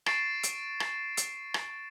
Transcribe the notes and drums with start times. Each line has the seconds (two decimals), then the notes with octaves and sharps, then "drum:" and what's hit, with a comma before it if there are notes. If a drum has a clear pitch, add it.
0.06 C#6 A6 C7 D7 E7, drum: rim click
0.43 drum: hi-hat
0.80 drum: rim click
1.17 drum: hi-hat
1.54 drum: rim click